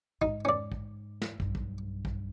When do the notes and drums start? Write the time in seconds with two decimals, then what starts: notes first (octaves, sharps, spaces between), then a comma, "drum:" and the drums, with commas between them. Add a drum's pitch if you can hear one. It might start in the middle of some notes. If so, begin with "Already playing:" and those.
0.22 G#2 D#4, drum: kick
0.45 C#4 D5
0.72 drum: kick
1.22 drum: snare
1.40 B1 G2, drum: kick
1.55 drum: kick
2.05 drum: kick